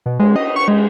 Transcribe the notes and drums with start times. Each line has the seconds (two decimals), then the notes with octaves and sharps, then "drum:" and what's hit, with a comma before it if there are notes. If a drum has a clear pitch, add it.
0.06 B2
0.19 G#3, drum: cymbal
0.36 D#5
0.56 C#6
0.68 G#3